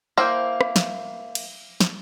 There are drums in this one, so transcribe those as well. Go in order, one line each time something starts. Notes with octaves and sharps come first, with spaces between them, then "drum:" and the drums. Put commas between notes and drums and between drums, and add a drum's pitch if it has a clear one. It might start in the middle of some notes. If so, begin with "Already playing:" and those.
A#3 E4 C5 G5
drum: rim click
drum: snare
drum: cymbal
drum: snare